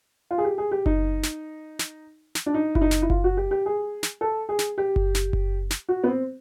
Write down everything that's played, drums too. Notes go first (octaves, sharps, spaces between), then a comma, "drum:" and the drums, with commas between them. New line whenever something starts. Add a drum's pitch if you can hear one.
F4
G#4
G4
G#4
G4
D#4, drum: kick F#1
drum: snare
drum: snare
drum: snare
D4
D#4
E4, drum: kick F#1
D#4
drum: snare
E4
F4, drum: kick F#1
F#4
G4
G4
G#4
drum: snare
A4
G#4
drum: snare
G4
drum: kick F#1
drum: snare
drum: kick F#1
drum: snare
F#4
B3
C4